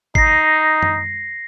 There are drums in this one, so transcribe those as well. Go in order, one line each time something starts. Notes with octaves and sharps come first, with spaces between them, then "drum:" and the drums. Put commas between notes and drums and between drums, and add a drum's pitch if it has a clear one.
D#4 A#6 C7, drum: kick
drum: tom F#2